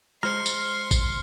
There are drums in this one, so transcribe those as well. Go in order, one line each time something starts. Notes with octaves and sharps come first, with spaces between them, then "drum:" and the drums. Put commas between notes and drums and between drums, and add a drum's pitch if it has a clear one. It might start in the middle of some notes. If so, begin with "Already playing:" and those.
G#3 C5 C6 F6 C#7, drum: rim click
drum: tambourine
drum: kick, tambourine